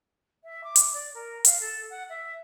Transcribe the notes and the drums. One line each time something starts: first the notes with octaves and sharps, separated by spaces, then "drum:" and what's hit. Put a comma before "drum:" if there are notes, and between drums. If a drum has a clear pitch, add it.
E5
D6
drum: hi-hat
D5
A#4
F5, drum: hi-hat
A4
F#5
E5